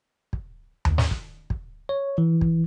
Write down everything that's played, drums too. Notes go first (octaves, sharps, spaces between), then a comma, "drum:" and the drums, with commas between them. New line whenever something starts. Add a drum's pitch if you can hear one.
drum: kick
drum: tom D#2
drum: snare
drum: kick
drum: kick
C#5
E3
drum: kick